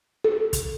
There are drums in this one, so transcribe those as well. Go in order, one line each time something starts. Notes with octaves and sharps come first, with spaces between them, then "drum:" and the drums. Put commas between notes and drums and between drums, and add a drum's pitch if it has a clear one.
A4
drum: kick, hi-hat